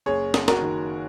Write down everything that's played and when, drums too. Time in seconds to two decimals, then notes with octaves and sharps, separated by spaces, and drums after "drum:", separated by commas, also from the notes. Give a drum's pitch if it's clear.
0.06 F#1 G#4 C#5
0.34 F#1, drum: snare
0.48 F#4 A#4, drum: snare
0.62 D#3